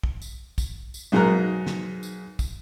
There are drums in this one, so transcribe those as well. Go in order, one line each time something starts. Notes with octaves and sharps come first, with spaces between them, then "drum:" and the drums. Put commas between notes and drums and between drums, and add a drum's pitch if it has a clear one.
drum: kick
drum: tambourine
drum: kick, tambourine
drum: tambourine
B1 G#2 G#3 A#4 A#5 F#6
drum: snare
drum: tambourine
drum: kick, tambourine